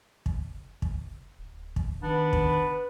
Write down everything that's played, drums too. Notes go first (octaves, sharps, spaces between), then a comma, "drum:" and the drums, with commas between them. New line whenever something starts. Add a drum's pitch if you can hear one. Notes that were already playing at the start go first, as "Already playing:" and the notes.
drum: kick
drum: kick
D1
drum: kick
D#3 B3 D4 B4
drum: kick